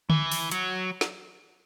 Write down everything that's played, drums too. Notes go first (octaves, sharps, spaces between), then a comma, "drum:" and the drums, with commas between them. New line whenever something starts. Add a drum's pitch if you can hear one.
E3, drum: tom D3
drum: open hi-hat
F#3, drum: hi-hat
drum: snare